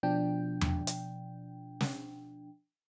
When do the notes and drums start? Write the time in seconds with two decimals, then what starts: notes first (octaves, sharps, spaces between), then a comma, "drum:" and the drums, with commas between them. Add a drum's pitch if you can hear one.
0.03 B2 F3 D4 G5
0.61 drum: tom E2
0.87 drum: hi-hat
1.81 drum: snare